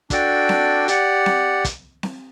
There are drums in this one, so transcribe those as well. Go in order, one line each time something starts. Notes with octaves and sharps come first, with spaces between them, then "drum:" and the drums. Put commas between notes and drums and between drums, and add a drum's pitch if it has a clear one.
D4 F#4 A4 D5 G5, drum: kick, hi-hat
drum: snare C4
G4 D5 F#5, drum: hi-hat
drum: snare C4
drum: kick, hi-hat
drum: snare C4